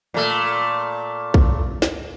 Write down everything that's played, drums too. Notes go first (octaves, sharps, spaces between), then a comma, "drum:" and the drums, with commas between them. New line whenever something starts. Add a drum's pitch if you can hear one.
A#2 A3
drum: kick
drum: snare